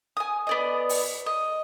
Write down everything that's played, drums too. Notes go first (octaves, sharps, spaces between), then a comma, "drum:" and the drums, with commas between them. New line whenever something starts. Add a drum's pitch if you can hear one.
G#5 D#6
B3 D5 D#5
drum: open hi-hat
D#5